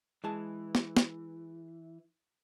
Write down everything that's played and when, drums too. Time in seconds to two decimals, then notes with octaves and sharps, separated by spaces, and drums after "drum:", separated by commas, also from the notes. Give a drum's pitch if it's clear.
0.24 E3 G#3 G#4 A5
0.75 drum: snare
0.97 drum: snare